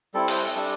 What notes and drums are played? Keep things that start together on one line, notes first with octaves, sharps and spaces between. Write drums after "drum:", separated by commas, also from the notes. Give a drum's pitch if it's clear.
G3 C4 E4 A4
C5, drum: cymbal
A4
G3 D4